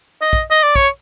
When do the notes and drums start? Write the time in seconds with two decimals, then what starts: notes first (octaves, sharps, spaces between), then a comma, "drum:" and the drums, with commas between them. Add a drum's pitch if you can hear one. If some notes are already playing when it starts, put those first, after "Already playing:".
0.22 D#5
0.33 drum: kick
0.51 D#5
0.63 D5
0.76 C#5, drum: kick